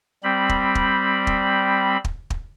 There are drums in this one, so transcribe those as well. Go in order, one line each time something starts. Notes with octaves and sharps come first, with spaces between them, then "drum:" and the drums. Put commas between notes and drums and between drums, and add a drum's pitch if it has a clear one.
G3 C4 B5
drum: kick
drum: kick
drum: kick
drum: kick
drum: kick